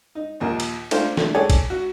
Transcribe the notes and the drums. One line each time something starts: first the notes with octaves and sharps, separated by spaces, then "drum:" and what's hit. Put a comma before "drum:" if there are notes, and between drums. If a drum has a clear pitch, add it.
D#4
A#1 D#2 A#4
drum: cymbal
A3 D4 F4 C5, drum: cymbal
A3 D4, drum: snare
G#4 A4 C#5 D5 G#5
drum: kick A#1, cymbal
F#4